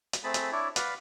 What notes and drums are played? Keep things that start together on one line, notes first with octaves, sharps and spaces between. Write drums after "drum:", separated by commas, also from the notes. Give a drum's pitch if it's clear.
drum: hi-hat
A3 C4 G#4 A5 B5
drum: hi-hat
D4 E4 C#5 D5
B4 D5 F5 F#5 B5, drum: hi-hat